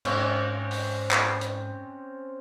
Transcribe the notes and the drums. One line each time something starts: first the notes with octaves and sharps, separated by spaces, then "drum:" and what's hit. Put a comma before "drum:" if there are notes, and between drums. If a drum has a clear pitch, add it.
G#2 C4 C#4, drum: cymbal
drum: open hi-hat
drum: clap
drum: hi-hat